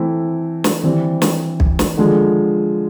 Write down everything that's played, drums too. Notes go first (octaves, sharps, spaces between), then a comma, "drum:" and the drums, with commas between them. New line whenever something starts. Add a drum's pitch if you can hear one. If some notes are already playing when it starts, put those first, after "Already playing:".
Already playing: E3 A3 C4 E4
drum: snare
E3 G3 C4
drum: snare
drum: kick B1
drum: snare
D3 F3 G#3